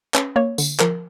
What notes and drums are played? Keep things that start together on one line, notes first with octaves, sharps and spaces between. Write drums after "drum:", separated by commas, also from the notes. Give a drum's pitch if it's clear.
C#4 B4, drum: clap
A#3 C#5
D3, drum: tambourine
F3 A#4, drum: clap